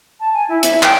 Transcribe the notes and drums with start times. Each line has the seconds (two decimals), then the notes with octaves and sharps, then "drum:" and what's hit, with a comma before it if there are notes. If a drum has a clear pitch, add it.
0.20 A5
0.33 G#5
0.49 E4
0.63 E5, drum: hi-hat
0.83 G5, drum: clap